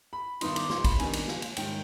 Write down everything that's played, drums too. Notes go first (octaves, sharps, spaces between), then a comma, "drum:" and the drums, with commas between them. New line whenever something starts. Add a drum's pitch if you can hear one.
B5
G2 D#3 B3 D#4 C6, drum: cymbal
D6, drum: cymbal
C6, drum: snare
B5, drum: kick, cymbal
F2 D#3 G3 B3 D4 G#5, drum: cymbal
drum: cymbal
drum: snare
drum: cymbal
G#2 D#3 G3 G5, drum: cymbal